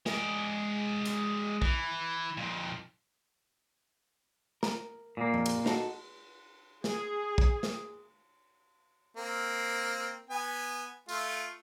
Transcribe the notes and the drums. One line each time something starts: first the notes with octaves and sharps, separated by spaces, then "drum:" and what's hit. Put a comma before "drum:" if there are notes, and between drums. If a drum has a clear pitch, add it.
G#3 D5, drum: snare
drum: hi-hat
E3, drum: kick
F2 A#2
A#4, drum: snare
A#2 A#3
F2
drum: cymbal
D#4 F#4 A4, drum: snare
G#4, drum: snare
drum: kick
drum: snare
A#3 C4
B3 G#5
A3 F4, drum: tambourine